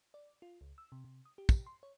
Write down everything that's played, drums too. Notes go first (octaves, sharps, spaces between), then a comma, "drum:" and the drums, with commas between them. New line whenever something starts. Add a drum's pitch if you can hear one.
D5
F4
C#2
E6
C3
C3
D#6
G4
drum: kick, tambourine
C6
C#5